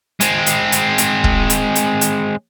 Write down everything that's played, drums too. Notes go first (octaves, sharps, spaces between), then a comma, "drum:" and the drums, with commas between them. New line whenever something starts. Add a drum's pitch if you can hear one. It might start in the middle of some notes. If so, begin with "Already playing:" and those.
G#3 C4, drum: hi-hat
drum: hi-hat
drum: hi-hat
drum: hi-hat
drum: kick
drum: hi-hat
drum: hi-hat
drum: hi-hat